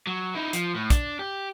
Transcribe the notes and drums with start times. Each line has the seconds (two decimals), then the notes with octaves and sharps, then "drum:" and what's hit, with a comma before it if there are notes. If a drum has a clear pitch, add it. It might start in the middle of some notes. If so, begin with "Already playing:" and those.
0.07 F#3
0.35 D#4 E4
0.53 F3, drum: hi-hat
0.75 A2
0.90 D4, drum: kick, hi-hat
1.19 G4